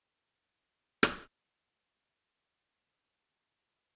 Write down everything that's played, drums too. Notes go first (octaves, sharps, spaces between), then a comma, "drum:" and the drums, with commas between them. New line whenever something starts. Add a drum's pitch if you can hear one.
F#3 C4 C#4 G#4 C5
drum: rim click
C5
D3 C#6
A#5